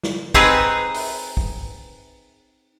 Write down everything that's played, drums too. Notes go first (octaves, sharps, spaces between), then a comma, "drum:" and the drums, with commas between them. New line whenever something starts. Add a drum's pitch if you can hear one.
drum: snare
C4 D#4 G#4 B4 D#5, drum: kick
drum: open hi-hat
drum: kick